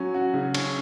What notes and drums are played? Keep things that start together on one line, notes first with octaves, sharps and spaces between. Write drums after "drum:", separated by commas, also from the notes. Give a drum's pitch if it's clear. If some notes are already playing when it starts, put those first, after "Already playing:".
Already playing: F#3 C#4
F#4
C#3
C#4, drum: cymbal